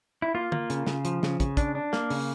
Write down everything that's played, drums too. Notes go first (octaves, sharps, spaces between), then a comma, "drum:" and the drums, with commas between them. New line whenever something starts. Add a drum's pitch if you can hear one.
E4
A#3 F4
A#3, drum: tom
C#3, drum: hi-hat
C#3, drum: snare
F3, drum: hi-hat
C#3, drum: snare
C#3, drum: kick, hi-hat
D4, drum: kick, hi-hat
D4
A#3, drum: snare
C#3, drum: open hi-hat